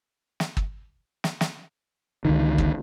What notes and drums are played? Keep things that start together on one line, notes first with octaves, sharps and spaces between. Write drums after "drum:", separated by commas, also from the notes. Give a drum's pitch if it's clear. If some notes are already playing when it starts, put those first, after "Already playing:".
drum: snare
drum: kick
drum: snare
drum: snare
C#2 D3 D#3
drum: kick